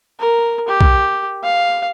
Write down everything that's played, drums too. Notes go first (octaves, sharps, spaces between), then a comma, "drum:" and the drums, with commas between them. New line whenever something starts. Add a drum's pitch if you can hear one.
A#4
G4
drum: kick
F5